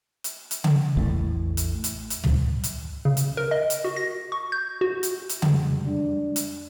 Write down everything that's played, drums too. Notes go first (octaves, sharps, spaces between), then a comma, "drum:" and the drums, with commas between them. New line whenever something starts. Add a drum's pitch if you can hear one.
drum: hi-hat
drum: hi-hat
drum: tom C#3
A1 E2 A2 A3
drum: hi-hat
drum: hi-hat
drum: hi-hat
drum: tom
drum: hi-hat
C#3
drum: hi-hat
A#4
D#5
drum: hi-hat
F#4
A#6
C#6
G6
F#4
drum: hi-hat
drum: hi-hat
F2 G3 G#3, drum: tom C#3
D4
drum: hi-hat